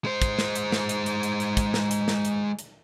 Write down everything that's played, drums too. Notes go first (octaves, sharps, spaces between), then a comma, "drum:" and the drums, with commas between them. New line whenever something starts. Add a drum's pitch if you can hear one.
G#3 C5
drum: kick, hi-hat
drum: snare
drum: hi-hat
drum: snare
drum: hi-hat
drum: hi-hat
drum: hi-hat
drum: hi-hat
drum: kick, hi-hat
drum: snare
drum: hi-hat
drum: snare
drum: hi-hat
drum: hi-hat